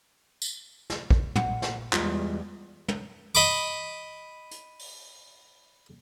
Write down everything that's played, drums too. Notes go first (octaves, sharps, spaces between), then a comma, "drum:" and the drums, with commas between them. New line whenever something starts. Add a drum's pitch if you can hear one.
drum: tambourine
drum: snare
drum: kick
A#2 F#5, drum: tom
drum: snare
E2 G3 G#3 F4, drum: clap
drum: tom
D#5 B5 C#6 D6
drum: hi-hat
drum: open hi-hat